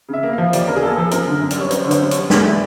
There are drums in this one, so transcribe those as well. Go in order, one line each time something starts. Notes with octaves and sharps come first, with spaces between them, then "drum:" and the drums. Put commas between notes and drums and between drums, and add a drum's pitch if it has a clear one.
C#3 E5
A#3
F3 F5
D#2 D5, drum: hi-hat
C#3 A#4
G#4
A#3 A4
F3 A4
F#2 A#4, drum: hi-hat
D3
F#2
D5, drum: hi-hat
G3 C#5
F#2 C5, drum: hi-hat
D3 C#5
C5, drum: hi-hat
F#2
G3 C#5, drum: hi-hat
G2 D5, drum: snare
E3